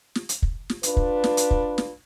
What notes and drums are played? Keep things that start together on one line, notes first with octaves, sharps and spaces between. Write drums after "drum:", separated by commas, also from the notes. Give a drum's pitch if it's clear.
drum: snare
drum: hi-hat
drum: kick
drum: snare
D4 F4 B4, drum: hi-hat
drum: kick
drum: snare
drum: hi-hat
drum: kick
drum: snare